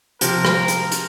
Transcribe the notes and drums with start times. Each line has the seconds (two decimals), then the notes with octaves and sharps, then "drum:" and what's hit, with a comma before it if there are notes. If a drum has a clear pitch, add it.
0.21 C3 F3 G4 A#4, drum: hi-hat
0.45 drum: rim click
0.68 drum: hi-hat
0.92 drum: hi-hat